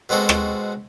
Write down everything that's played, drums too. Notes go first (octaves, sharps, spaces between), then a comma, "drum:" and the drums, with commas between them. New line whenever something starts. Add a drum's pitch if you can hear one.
B2 G#3 C4 F#4 A4
drum: rim click